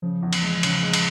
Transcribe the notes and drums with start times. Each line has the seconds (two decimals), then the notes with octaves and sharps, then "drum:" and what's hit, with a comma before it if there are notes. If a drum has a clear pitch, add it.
0.02 C#3 F3
0.23 E2
0.33 drum: cymbal
0.42 G#3
0.63 C#3, drum: cymbal
0.83 G#3
0.93 drum: cymbal